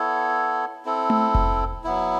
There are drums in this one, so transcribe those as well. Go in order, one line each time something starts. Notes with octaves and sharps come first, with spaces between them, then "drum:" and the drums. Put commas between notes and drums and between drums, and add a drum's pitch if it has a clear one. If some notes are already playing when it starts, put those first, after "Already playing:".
Already playing: B3 E4 A4 C#5
C4 E4 A4
drum: tom A3
drum: kick F1
F#3 B3 E4